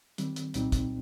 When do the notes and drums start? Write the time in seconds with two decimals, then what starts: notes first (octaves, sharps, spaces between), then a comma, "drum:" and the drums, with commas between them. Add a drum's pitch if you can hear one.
0.18 D#3 G3 C4, drum: hi-hat
0.36 drum: hi-hat
0.54 C2 A#2 G3 C4 D#4, drum: hi-hat
0.72 drum: kick, hi-hat